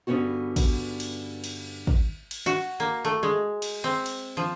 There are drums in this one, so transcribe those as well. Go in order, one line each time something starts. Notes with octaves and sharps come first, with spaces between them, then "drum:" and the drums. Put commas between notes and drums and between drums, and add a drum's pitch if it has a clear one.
G2 D3 B3 C#4 D#4 F#4
drum: kick, cymbal
drum: cymbal
drum: cymbal
drum: kick
drum: cymbal
F#4
A#3
A3
G#3
drum: cymbal
C4
drum: cymbal
F3